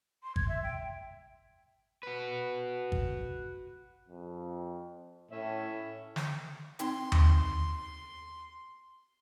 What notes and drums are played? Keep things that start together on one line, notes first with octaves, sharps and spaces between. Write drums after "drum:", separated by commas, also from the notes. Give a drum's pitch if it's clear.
C6
G#6, drum: kick
E5
G5
F#4 B4
drum: kick
F2
A2 C#4 E5
drum: snare
C4 D#4 G5 C6, drum: hi-hat
drum: tom D#2